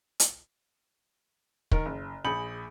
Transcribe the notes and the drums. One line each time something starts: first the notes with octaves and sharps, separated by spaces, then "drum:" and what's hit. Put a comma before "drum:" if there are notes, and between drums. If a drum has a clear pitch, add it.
drum: hi-hat
D#3 A#4, drum: kick
F#1
A#1 G#4 B5 G6 C#7 F#7